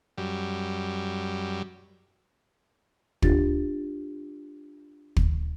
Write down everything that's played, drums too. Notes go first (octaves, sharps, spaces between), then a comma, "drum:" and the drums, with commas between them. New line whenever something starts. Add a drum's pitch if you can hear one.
F#2 G3
D4 F4 G4 A6, drum: kick
drum: kick